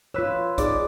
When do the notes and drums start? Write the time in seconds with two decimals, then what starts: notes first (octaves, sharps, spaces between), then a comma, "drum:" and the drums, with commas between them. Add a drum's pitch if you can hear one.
0.14 F4 B4 C#5 E6
0.58 D#4 G#4 D5, drum: kick, hi-hat